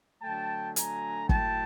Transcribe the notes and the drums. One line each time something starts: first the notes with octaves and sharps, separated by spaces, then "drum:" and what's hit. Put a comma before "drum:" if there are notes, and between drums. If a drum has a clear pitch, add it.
D3 F#3 A3 G5 A5
G#5 A#5, drum: hi-hat
A2 F#3 A3 G5 A5, drum: kick